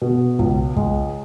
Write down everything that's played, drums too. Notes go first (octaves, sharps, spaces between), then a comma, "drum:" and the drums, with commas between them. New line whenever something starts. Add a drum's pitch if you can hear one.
B2
C#2, drum: kick
G#3, drum: kick